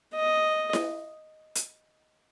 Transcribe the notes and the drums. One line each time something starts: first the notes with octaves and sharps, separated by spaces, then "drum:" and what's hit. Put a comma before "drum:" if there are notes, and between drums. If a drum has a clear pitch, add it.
D#5
drum: snare E4
drum: hi-hat